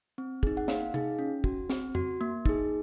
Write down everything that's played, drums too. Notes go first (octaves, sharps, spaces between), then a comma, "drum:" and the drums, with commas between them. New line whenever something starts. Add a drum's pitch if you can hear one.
C4
D#4 G#4, drum: kick
F#5
A#3 F5, drum: snare
D#4 G#4, drum: tom
C#4
F#4, drum: kick
C4, drum: snare
F#4, drum: tom F2
A#3
D#4 G#4, drum: kick